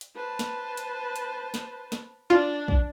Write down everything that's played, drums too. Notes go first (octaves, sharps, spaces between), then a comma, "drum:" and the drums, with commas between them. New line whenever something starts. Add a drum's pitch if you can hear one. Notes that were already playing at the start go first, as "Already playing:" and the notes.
drum: hi-hat
B4 C5 A5
drum: snare
drum: hi-hat
drum: hi-hat
drum: snare
drum: snare
D4 F4 D5
drum: kick